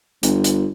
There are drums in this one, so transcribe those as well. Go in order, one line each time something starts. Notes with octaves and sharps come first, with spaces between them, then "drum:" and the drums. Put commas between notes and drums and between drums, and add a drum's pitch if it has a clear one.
G1, drum: hi-hat
drum: hi-hat